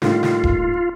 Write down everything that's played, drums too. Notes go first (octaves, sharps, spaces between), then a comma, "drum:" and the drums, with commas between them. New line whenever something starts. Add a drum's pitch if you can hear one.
A2 G3 A#3 D#4 F4, drum: snare
drum: snare
drum: kick D#1